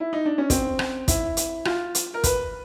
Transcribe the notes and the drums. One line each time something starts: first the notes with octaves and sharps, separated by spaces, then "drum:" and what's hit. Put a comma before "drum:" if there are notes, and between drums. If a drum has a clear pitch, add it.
E4
D#4
D4
C#4
C4, drum: kick, hi-hat
drum: rim click
E4, drum: kick, hi-hat
drum: hi-hat
F4, drum: rim click
drum: hi-hat
A#4
B4, drum: kick, hi-hat